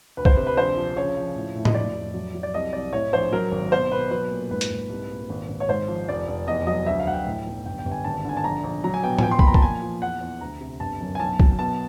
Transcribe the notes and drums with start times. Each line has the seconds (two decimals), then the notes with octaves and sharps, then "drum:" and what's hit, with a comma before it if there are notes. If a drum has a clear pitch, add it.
0.17 D2 B4
0.25 C5, drum: kick
0.34 C3 B4
0.47 B4
0.57 A#1 C5
0.76 F3
0.96 C#3 C#5
1.16 F3
1.35 A2
1.55 A2
1.65 D#5, drum: tom A2
1.75 F1 D5
1.95 F1
2.14 F#3
2.34 F#3
2.43 D5
2.54 C2 D#5
2.73 C2 D5
2.93 A2 C#5
3.13 A#1 C5
3.32 F#3 A#4
3.52 G#1
3.72 B2 C5
3.91 B2 B4
4.11 F#3 B4
4.31 A#2
4.51 G#2 B4
4.61 drum: hi-hat
4.70 G#2
4.89 C2
5.10 A#2
5.30 G#1
5.49 G#1
5.60 C#5
5.68 G#2 C5
5.88 F3
6.08 F1 D5
6.28 F1
6.47 E2 D#5
6.67 F#3 D#5
6.86 D2 E5
7.00 F5
7.06 D2 F#5
7.12 G5
7.26 A2
7.46 B1
7.65 G1 G5
7.79 G5
7.85 G1
7.92 G#5
8.04 G#1 A5
8.25 D3 G#5
8.37 A5
8.44 A#1 A#5
8.64 A#1
8.84 F#3 A#5
8.94 G#5
9.03 B2 G5
9.18 G#5, drum: tom A2
9.23 F3 G5
9.31 C6
9.39 B5, drum: kick
9.43 A#2 A#5
9.54 A5, drum: kick
9.62 F3 G#5
9.82 F3
10.02 E2 F#5
10.21 E2
10.41 D2 A#5
10.61 C3
10.80 G1 A5
11.01 F#2
11.15 G#5
11.20 B1 A5
11.40 F#3, drum: kick
11.59 B2 A5